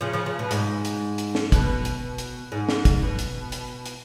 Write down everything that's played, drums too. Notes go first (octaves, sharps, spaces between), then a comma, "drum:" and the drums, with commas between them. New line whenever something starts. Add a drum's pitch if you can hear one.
C#3 F3
C#3 F3
C#3 F3
B2
G#2, drum: hi-hat
drum: hi-hat
drum: hi-hat
drum: snare
B2, drum: kick, hi-hat
drum: hi-hat
drum: hi-hat
G#2
drum: snare
drum: kick, hi-hat
B2
drum: hi-hat
drum: hi-hat
drum: hi-hat